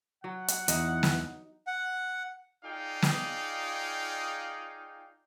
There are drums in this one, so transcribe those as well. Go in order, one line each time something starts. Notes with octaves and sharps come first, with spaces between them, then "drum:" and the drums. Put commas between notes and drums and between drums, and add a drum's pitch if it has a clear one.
F#3 F#5
drum: hi-hat
E2 D#4, drum: hi-hat
drum: snare
F#5
D#4 F4 G#4 D5 F5 G5
drum: snare